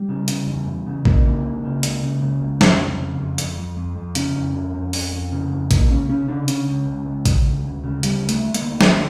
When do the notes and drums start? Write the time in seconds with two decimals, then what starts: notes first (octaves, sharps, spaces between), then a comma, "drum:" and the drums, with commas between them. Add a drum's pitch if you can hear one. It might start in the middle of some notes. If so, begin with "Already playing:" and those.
Already playing: G3
0.09 C#3
0.28 C#3, drum: hi-hat
0.47 E2
0.67 E2
0.87 C#3
1.05 C#3 A#3, drum: kick A1
1.26 C#2
1.45 C#2
1.64 C#3
1.83 C#2, drum: hi-hat
2.03 C#3
2.22 C#3
2.41 C#2
2.61 F2, drum: snare
2.80 F2
2.99 C#3
3.18 F2
3.38 F2, drum: hi-hat
3.57 F2
3.77 F2
3.96 F2
4.15 C#3 C#4, drum: hi-hat
4.35 F2
4.54 F2
4.74 F2
4.93 F2, drum: open hi-hat
5.13 F2
5.32 C#3
5.51 F2
5.71 C#2 A#3, drum: kick A1, hi-hat
5.90 C#3 C#4
6.09 C#3 C#4
6.28 C#3 D4
6.48 C#3 C#4, drum: hi-hat
6.67 C#2
6.87 C#2
7.06 C#2
7.26 C#3, drum: kick A1, hi-hat
7.45 D2
7.64 D2
7.84 C#3
8.03 C#3 G3, drum: hi-hat
8.23 D2
8.29 A3, drum: hi-hat
8.42 D2
8.54 A#3, drum: hi-hat
8.62 D2
8.81 D3, drum: snare